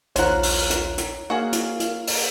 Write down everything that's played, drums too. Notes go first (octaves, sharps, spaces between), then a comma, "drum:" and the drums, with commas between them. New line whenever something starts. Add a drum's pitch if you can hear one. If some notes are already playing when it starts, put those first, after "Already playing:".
A#1 D#2 F4 C5 C#5 F#5 A#5 F#6, drum: hi-hat
drum: open hi-hat
drum: hi-hat
drum: hi-hat
A#3 F#4 G#4 F5
drum: hi-hat
drum: hi-hat
drum: open hi-hat